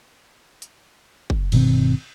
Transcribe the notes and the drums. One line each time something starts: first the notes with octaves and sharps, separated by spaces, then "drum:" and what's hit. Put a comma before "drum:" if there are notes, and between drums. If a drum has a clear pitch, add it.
drum: hi-hat
drum: kick
G1 B2 D#3 C4, drum: cymbal